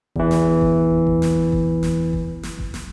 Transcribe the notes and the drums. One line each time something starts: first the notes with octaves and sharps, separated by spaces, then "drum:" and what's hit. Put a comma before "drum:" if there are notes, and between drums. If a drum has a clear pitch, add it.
E2 E3, drum: kick F#1
drum: snare
drum: kick F#1
drum: kick F#1
drum: snare
drum: kick F#1
drum: snare
drum: kick F#1
drum: snare
drum: kick F#1
drum: snare